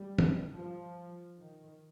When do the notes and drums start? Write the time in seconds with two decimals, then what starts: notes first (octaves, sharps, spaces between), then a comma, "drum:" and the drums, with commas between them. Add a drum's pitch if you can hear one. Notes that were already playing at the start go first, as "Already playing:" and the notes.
Already playing: G3
0.19 drum: tom
0.55 F3
1.38 D#3